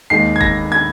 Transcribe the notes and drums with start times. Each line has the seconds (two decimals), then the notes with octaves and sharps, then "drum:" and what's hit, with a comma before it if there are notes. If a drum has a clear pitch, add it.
0.10 D#2 D#3 G#3 C7
0.36 G#6
0.41 A#6, drum: kick
0.72 G#6